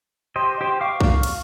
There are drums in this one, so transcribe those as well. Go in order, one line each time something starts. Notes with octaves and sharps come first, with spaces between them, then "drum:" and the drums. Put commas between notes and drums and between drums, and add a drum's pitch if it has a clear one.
G4 C5 D#5 C6
G4 C5
F5 C#6 D6
F5, drum: kick B1
drum: cymbal